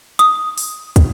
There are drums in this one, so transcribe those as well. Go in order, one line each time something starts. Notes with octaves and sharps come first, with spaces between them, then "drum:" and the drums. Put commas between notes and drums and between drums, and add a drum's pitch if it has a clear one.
D#6, drum: hi-hat
drum: open hi-hat
drum: kick, hi-hat